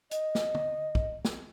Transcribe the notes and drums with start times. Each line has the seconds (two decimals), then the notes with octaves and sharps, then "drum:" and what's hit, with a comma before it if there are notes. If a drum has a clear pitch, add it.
0.11 D#5, drum: hi-hat
0.35 drum: snare
0.55 drum: tom
0.95 drum: kick
1.25 drum: snare